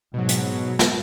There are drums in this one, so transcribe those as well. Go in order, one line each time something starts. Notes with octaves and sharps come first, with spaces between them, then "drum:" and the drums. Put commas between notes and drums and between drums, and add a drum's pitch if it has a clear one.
G#2 B2 F#3
drum: hi-hat
drum: snare